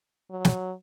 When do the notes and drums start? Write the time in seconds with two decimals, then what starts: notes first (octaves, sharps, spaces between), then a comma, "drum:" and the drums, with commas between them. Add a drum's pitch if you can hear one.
0.31 F#3
0.45 drum: snare